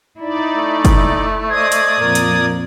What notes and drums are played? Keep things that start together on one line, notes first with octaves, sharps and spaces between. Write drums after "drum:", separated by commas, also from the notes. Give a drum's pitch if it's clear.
D#4 E4 D5
A3
drum: kick F#1, hi-hat
C5 D5 D#5 D#6 G#6
drum: hi-hat
F2 A#2 A#4
drum: hi-hat